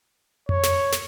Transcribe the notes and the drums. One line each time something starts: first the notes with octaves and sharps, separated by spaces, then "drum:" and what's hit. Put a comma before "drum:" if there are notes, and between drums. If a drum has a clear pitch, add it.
C#5, drum: tom F2
drum: snare
drum: snare